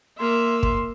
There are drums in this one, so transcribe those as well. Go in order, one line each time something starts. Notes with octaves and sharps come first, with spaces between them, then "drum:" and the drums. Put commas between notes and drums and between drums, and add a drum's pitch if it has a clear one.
A#3 E5 C6
C6, drum: kick